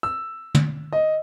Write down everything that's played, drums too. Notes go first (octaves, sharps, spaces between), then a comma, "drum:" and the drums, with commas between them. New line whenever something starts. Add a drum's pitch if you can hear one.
E6
drum: tom
D#5